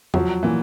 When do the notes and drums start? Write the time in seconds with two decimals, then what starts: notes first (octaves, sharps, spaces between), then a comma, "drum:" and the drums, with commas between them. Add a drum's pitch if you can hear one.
0.14 F3 F#3, drum: tom E2
0.43 A#2 E3